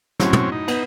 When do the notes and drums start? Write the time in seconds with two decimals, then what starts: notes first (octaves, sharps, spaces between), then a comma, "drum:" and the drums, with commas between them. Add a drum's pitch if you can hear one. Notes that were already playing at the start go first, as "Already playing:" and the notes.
0.20 F#2 A2 F#3 C4 C#4, drum: snare
0.33 drum: tom
0.52 D#4
0.68 B3, drum: cymbal